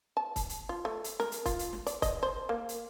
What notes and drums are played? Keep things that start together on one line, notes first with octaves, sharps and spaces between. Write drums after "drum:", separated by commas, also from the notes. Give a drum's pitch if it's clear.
A5
drum: kick, hi-hat
drum: hi-hat
F4
A3
drum: hi-hat
A#4, drum: snare
drum: hi-hat
F4, drum: kick, hi-hat
drum: hi-hat
drum: snare
D5, drum: hi-hat
D#5, drum: kick, hi-hat
C5
A#3
drum: hi-hat